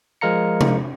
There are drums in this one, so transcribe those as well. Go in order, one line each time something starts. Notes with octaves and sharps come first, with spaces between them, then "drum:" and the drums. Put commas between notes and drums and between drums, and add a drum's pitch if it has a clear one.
F3 G#3 A#4 F5 A#5 C#7
drum: tom C3